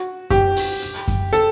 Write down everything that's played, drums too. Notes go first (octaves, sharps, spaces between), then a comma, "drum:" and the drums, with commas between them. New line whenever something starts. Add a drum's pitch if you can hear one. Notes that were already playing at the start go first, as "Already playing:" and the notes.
Already playing: F#4
G4, drum: kick F#2, hi-hat
drum: open hi-hat
drum: hi-hat
drum: kick F#2, hi-hat
A4, drum: hi-hat